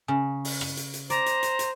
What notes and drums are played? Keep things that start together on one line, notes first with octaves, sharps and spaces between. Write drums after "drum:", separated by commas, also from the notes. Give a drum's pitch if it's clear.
C#3 G#5
drum: open hi-hat
drum: rim click
drum: hi-hat
drum: hi-hat
C5 D5 A#5, drum: hi-hat
drum: hi-hat
drum: hi-hat
drum: hi-hat